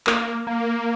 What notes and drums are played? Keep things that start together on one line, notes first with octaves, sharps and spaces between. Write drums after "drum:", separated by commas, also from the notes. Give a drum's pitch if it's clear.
A#3, drum: clap
A#3